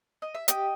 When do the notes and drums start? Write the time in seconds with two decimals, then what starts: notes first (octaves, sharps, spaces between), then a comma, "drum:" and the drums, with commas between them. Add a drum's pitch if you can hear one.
0.22 D#5
0.35 E5
0.48 G4 D#5 G5, drum: hi-hat